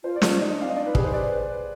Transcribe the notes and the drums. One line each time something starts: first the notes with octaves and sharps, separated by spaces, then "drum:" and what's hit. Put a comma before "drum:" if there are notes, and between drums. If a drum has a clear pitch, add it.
F4 C5
D5
F4, drum: snare
D5
D#4 D#5
D4
F5
C4
D#5
D4 D5
D#4 B4
G4 G#4, drum: kick
B4 C5
D5